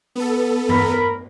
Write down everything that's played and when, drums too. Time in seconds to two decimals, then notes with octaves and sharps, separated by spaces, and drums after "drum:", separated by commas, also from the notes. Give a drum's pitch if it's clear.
0.15 B3 A4
0.69 A#4 B5, drum: tom G2